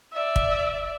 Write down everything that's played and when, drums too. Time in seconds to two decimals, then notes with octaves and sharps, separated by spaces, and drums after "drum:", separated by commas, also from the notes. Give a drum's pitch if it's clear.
0.13 D5 E5
0.36 drum: kick